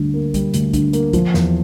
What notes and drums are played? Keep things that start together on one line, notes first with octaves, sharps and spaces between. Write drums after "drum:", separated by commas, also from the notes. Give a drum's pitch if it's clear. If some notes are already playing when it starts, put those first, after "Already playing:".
Already playing: D2 D3 G3
A#3
G3, drum: kick, hi-hat
D2, drum: hi-hat
D3, drum: kick, hi-hat
A#3, drum: hi-hat
F3, drum: kick, hi-hat
E2, drum: snare